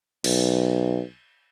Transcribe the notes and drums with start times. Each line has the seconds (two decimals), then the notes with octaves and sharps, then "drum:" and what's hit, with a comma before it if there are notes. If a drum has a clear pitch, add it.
0.24 B1, drum: cymbal